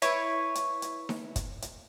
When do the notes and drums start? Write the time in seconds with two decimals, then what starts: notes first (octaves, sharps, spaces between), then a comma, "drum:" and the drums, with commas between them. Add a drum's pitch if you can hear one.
0.02 E4 B4 C#5, drum: hi-hat
0.55 drum: hi-hat
0.82 drum: hi-hat
1.09 drum: snare D#4
1.36 drum: kick, hi-hat
1.62 drum: hi-hat